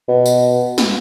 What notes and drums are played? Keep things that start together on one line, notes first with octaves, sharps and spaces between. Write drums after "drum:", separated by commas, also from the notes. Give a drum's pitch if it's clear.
B2
drum: tambourine
drum: snare